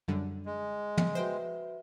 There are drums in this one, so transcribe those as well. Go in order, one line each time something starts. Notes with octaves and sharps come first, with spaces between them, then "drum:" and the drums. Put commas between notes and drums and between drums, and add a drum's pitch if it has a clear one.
F#2 D3 G3
G#3
drum: tom
F#4 B4 C5 E5 G5